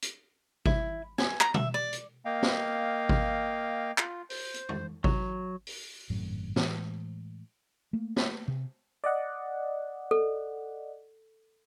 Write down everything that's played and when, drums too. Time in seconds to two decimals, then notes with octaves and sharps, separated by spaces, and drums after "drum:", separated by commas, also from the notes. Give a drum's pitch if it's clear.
0.02 drum: hi-hat
0.66 E4, drum: kick G#1
1.18 G#5, drum: snare
1.41 A#5, drum: clap
1.54 E5, drum: tom
1.74 D5
1.93 drum: hi-hat
2.25 A#3 D#5 F5 G5
2.42 drum: snare
3.09 drum: kick G#1
3.98 F4, drum: clap
4.30 C5, drum: open hi-hat
4.54 drum: hi-hat
4.69 drum: tom F2
5.04 F#3, drum: kick G#1
5.67 drum: open hi-hat
6.10 G#1 F#2 A2 F#3
6.56 A2 E3 G#3, drum: snare
7.93 A3 A#3
8.16 drum: snare
8.48 C3
9.04 D5 D#5 F#5
10.11 A4